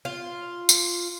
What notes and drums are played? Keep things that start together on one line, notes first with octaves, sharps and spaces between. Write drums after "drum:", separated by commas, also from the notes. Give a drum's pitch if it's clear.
F4
drum: tambourine